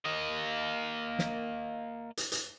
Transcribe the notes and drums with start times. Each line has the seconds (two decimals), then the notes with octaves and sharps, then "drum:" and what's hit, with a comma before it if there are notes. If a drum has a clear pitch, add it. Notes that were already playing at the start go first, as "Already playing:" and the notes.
0.05 A#3 D#5
1.19 drum: snare
2.17 drum: hi-hat
2.32 drum: hi-hat